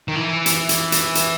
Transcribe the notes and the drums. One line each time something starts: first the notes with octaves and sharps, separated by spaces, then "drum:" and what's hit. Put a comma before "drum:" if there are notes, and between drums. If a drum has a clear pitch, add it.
D#3
E3
drum: hi-hat
drum: hi-hat
drum: hi-hat
drum: hi-hat